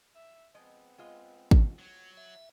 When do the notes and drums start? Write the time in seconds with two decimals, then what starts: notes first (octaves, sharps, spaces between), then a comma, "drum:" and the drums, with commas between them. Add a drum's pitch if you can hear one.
0.15 E5
0.54 F3 G#3 B3 C4 D#5
0.98 G#3 F4 D#5
1.51 drum: kick
1.79 F#3
2.17 E5